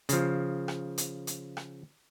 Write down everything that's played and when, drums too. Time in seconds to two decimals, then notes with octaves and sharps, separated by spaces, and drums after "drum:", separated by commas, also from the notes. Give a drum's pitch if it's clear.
0.09 C#3 F3, drum: hi-hat
0.68 drum: rim click
0.98 drum: hi-hat
1.27 drum: hi-hat
1.57 drum: rim click